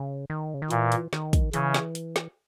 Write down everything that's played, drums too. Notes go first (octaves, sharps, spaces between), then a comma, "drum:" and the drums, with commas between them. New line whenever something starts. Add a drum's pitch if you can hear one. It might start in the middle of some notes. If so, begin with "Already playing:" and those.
Already playing: C#3
D#3
C#3
D#3
A#2 E3, drum: hi-hat
drum: hi-hat
D#3, drum: snare
drum: kick, hi-hat
C#3 E3, drum: hi-hat
drum: snare
drum: hi-hat
drum: snare